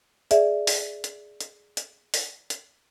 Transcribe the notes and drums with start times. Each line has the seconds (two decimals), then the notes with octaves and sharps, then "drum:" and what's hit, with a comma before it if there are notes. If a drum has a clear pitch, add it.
0.31 G#4 D5 E5, drum: hi-hat
0.67 drum: open hi-hat
1.04 drum: hi-hat
1.41 drum: hi-hat
1.77 drum: hi-hat
2.14 drum: open hi-hat
2.50 drum: hi-hat